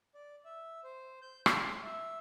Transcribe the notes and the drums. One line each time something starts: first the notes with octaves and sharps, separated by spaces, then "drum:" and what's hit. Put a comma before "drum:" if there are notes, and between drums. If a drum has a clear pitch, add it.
D5
E5
C5
G6
C6, drum: rim click
E5